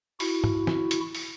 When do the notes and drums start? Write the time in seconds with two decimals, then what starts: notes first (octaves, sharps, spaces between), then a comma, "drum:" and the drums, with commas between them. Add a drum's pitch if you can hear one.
0.20 E4 F#4, drum: open hi-hat
0.44 drum: tom
0.67 drum: snare
0.91 drum: hi-hat
1.15 drum: open hi-hat